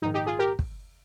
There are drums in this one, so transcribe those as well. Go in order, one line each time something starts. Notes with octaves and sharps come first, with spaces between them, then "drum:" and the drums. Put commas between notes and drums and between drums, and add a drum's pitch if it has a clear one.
A#1 G#2 D#3 D#4
D#4 G4
F4 G#4
G4 A#4
drum: kick